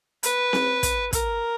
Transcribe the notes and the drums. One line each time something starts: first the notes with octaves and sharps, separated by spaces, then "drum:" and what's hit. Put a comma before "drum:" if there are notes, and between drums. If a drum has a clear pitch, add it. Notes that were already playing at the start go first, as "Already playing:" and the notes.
B4, drum: hi-hat
drum: snare C4
drum: kick, hi-hat
A#4, drum: kick, hi-hat